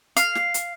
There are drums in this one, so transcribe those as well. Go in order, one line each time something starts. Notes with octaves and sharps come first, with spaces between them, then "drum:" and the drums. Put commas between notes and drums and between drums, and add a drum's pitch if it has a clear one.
F5, drum: hi-hat
drum: snare
drum: hi-hat